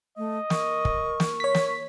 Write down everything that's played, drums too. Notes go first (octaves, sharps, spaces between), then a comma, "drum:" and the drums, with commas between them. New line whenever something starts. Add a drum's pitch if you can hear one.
A3 D#5
A#4 C#6, drum: snare
drum: kick
drum: snare
C#5 B6
drum: snare